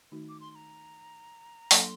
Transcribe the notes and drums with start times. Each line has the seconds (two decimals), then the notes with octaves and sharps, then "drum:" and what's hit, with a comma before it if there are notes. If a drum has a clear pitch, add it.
0.12 D#3 A3 D#4 F#4
0.29 D6
0.40 C6
0.51 C6
0.55 A#5
1.71 F#3 A#3 D4 A4 C6, drum: open hi-hat